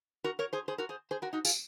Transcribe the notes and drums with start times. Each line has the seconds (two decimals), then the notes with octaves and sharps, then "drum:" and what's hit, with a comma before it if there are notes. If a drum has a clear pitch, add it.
0.24 F#4 A#4
0.39 A#4 C#5
0.53 G#4 C5
0.68 G#4 C5
0.78 F#4 A#4
0.89 G#4 C5
1.11 G#4 C5
1.22 F#4 A#4
1.33 D#4 F#4
1.45 F4 G#4, drum: tambourine